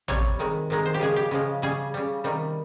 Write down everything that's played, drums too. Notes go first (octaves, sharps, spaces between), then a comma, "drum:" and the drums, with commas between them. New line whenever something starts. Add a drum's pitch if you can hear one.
C3 G3 C#5, drum: tom A1
C3 D#3 G#3
C3 D#3 G#3
C5
G4
C#3 F3 G#3 G#4
G4
C#3 F3 G#3
C#3 G3 G#4
C#3 G3
C3 D#3 G3